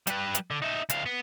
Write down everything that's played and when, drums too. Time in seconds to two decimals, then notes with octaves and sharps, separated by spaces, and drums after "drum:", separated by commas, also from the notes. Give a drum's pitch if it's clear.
0.07 G3 B4, drum: hi-hat
0.35 drum: hi-hat
0.51 D3
0.62 D#4 E5
0.89 D2 F5, drum: hi-hat
1.06 B3